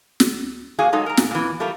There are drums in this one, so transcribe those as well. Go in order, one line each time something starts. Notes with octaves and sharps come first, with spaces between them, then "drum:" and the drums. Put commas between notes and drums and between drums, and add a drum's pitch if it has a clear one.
drum: snare
A#3 F#4 G#4 F5 G#5
F#3 G#3 D#4 A4
A#4 A#5
G#2, drum: snare
A#2 E3
G3 A3 A#3 F4